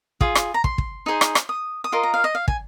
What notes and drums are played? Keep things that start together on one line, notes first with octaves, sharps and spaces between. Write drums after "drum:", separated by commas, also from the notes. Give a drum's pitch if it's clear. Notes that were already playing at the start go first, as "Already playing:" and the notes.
F4 G#4, drum: kick
drum: rim click
A#5
C6, drum: kick
drum: kick
D#4 G#4 C5
drum: rim click
drum: rim click
D#6
D#6
F4 A#4 D#5 C6
A#5
F5
D#5
F5
G#5, drum: kick